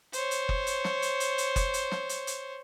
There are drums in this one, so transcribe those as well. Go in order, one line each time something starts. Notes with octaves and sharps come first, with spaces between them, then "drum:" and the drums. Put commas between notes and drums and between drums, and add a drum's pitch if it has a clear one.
C5 C#5, drum: hi-hat
drum: hi-hat
drum: kick F#1
drum: hi-hat
drum: snare
drum: hi-hat
drum: hi-hat
drum: hi-hat
drum: kick F#1, hi-hat
drum: hi-hat
drum: snare
drum: hi-hat
drum: hi-hat